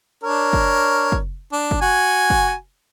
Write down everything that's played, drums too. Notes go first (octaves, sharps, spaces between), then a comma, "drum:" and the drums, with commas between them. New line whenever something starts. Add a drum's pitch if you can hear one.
D4 A#4 C#5
drum: kick
drum: kick
D4
drum: kick
F#4 G#5
drum: kick